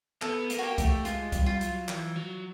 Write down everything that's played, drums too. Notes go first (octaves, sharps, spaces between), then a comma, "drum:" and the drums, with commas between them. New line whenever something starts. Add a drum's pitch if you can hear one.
B3 A4, drum: clap
A#3, drum: hi-hat
F#4
G4
A3, drum: kick C2, hi-hat
G#3 F4, drum: hi-hat
G3, drum: kick C2, hi-hat
F4
F#3, drum: hi-hat
E3, drum: clap
F#3